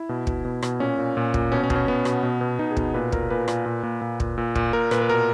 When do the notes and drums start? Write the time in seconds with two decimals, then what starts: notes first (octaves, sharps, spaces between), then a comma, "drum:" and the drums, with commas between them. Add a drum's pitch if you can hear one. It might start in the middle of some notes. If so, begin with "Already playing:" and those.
Already playing: E4
0.09 B2
0.27 B2, drum: kick
0.45 B2
0.62 B2, drum: rim click
0.80 A#2 C#4
0.99 A#2
1.17 A#2
1.34 A#2, drum: kick
1.52 B2 C#4
1.64 C#4
1.70 B2, drum: kick
1.76 C#4
1.87 B2 B3
2.05 B2, drum: rim click
2.23 B2
2.41 B2
2.59 B2 D#4
2.71 G#4
2.77 B2, drum: kick
2.94 A#2 B4
3.12 A#2 A#4, drum: kick
3.30 A#2 B4
3.48 A#2, drum: rim click
3.66 A#2
3.83 A#2
4.02 A#2
4.20 A#2, drum: kick
4.38 A#2
4.55 A#2, drum: kick
4.73 A#2 A#4
4.91 A#2 B4, drum: rim click
5.02 B4
5.09 B2 A#4